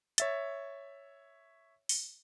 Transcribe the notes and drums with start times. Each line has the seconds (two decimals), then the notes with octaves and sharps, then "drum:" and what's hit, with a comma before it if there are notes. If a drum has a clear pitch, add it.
0.18 C#5 E5 A6, drum: hi-hat
1.89 drum: open hi-hat